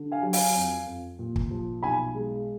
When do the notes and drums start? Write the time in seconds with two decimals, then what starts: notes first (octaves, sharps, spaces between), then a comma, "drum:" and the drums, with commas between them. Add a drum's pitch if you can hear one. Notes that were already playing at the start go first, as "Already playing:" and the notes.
Already playing: D3
0.12 F5 G#5
0.22 F#3
0.33 F5 G#5, drum: open hi-hat
0.55 F2
0.86 F2
1.19 A#2
1.36 drum: kick
1.51 F3
1.83 B1 G#5 B5
2.15 G#3